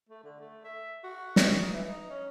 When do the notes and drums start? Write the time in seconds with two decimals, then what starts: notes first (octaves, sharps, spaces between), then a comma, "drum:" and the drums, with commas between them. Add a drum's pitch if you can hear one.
0.09 A3
0.24 D3
0.40 A3
0.65 E5
1.04 F#4
1.36 drum: snare
1.58 D#4
1.74 E3
1.88 D#4
2.10 C#4